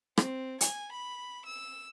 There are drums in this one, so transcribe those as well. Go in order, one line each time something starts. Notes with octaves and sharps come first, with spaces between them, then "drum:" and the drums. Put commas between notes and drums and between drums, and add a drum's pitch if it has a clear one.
C4, drum: rim click
G#5, drum: hi-hat
B5
E6